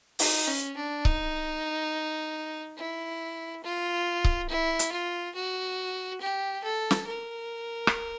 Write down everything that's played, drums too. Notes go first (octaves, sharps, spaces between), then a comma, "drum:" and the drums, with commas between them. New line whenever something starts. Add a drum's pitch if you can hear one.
D#4, drum: open hi-hat
C#4
D4
D#4, drum: kick C#1
E4
F4
drum: kick C#1
E4
drum: hi-hat
F4
F#4
G4
A4
drum: snare
A#4
drum: rim click